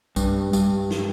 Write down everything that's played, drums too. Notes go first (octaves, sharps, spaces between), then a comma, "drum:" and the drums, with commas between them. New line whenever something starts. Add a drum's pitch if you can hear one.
G2, drum: kick A#1, tambourine
G2, drum: tambourine
drum: snare